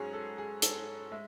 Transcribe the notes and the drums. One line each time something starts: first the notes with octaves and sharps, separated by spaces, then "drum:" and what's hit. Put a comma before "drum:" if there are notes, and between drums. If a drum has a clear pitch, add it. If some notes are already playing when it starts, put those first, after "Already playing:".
Already playing: G#2 F#3 C#4 G#4 C#5
A4
G#4
A4, drum: hi-hat
G#3 E5